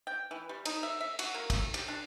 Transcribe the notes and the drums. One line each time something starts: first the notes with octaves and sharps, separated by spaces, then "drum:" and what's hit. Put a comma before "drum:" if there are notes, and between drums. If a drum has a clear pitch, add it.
G5
E3
G3
D#4, drum: cymbal
E5
E5
F#4, drum: cymbal
A#3
A3, drum: kick, cymbal
G4, drum: cymbal
D4